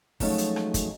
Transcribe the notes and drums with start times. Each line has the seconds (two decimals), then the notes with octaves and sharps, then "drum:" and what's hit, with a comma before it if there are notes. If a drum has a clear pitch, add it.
0.20 F3 F#3 G#3 A3 C#4 D#4, drum: kick, open hi-hat
0.38 drum: hi-hat
0.56 drum: rim click
0.74 drum: kick, hi-hat